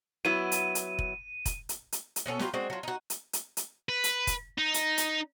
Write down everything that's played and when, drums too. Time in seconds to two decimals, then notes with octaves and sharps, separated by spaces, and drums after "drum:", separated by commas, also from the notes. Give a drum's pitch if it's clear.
0.25 F#3 B3 E4 D#7
0.52 drum: hi-hat
0.75 drum: hi-hat
0.99 drum: kick
1.46 drum: kick, hi-hat
1.69 drum: hi-hat
1.92 drum: hi-hat
2.16 drum: hi-hat
2.26 B2 B3 C#4 A4
2.39 F#3 F4 G4 B4, drum: snare
2.54 G#3 C4 D4 F#4
2.70 F#3 F4
2.83 D#4 F#4
3.10 drum: hi-hat
3.33 drum: hi-hat
3.57 drum: hi-hat
3.89 B4
4.04 drum: hi-hat
4.27 drum: kick, hi-hat
4.58 D#4
4.74 drum: hi-hat
4.98 drum: hi-hat